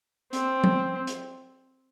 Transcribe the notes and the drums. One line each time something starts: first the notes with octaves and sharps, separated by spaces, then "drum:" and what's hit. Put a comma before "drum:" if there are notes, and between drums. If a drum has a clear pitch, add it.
C4, drum: hi-hat
drum: tom F3
drum: hi-hat